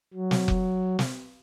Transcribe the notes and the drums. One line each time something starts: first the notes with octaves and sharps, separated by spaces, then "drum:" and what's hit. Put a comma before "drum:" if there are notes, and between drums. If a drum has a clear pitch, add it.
F#3
drum: snare
drum: kick F1
drum: snare